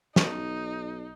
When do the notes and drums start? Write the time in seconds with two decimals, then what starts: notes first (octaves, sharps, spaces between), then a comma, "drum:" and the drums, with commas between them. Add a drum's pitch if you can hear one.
0.16 B1 D#4, drum: snare